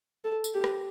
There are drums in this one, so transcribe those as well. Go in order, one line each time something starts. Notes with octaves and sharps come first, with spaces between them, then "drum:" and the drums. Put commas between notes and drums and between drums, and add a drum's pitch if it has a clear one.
A4
drum: tambourine
G4
drum: rim click